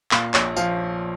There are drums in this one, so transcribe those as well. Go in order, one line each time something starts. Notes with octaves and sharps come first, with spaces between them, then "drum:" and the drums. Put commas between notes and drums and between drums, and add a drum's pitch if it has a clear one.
A#2 F5, drum: clap
A#1 C#5, drum: clap
F3 F5, drum: tambourine